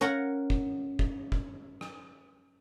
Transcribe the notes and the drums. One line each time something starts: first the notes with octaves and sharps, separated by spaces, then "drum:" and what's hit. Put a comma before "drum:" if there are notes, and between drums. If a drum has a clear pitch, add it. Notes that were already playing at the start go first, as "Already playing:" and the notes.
C#4 A#4 F#5 A#5
drum: kick
drum: kick
drum: kick
drum: rim click